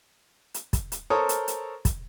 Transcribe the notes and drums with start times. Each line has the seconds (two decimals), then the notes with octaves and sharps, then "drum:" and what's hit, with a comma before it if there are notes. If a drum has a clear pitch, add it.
0.54 drum: hi-hat
0.73 drum: kick, hi-hat
0.92 drum: hi-hat
1.10 A4 A#4 C5 C#5 D#6
1.29 drum: hi-hat
1.48 drum: hi-hat
1.85 drum: kick, hi-hat